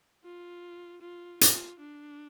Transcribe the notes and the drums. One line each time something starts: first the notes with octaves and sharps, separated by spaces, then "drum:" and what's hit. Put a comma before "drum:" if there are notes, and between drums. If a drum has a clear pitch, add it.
F4
F4
F4, drum: hi-hat
D4